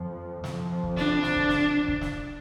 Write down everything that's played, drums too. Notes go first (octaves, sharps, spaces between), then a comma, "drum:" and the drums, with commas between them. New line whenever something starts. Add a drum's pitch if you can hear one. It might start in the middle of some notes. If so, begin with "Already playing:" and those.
Already playing: F2 F3
F2 F3, drum: snare
drum: kick
D4, drum: snare
drum: snare
drum: kick
drum: snare
drum: kick
drum: snare